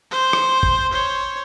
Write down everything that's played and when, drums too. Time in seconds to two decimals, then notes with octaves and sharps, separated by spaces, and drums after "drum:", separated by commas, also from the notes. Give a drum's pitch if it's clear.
0.11 C5
0.33 drum: rim click
0.63 drum: kick
0.93 C5 C#5